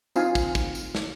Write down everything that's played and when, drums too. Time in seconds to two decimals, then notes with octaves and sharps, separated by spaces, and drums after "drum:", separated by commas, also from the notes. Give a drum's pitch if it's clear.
0.16 C4 D#4 F4 F5 G#5, drum: tambourine
0.35 drum: kick, tambourine
0.55 drum: kick, tambourine
0.75 drum: tambourine
0.95 drum: snare